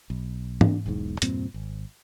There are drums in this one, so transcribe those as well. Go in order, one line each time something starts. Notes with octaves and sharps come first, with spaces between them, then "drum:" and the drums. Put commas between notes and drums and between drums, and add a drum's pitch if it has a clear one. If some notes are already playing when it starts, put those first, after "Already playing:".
B1
D4, drum: tom
E1 B1 E2 G#2
E2 G2 A#2 C4, drum: hi-hat
G#1